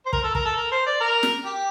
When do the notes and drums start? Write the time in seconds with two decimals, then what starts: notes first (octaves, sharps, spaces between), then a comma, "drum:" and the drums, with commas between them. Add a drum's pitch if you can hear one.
0.06 C5
0.13 A#4, drum: kick
0.24 A4
0.35 A#4, drum: kick
0.45 A4
0.56 A#4
0.72 C5
0.86 D5
1.01 A#4
1.23 drum: snare
1.45 G4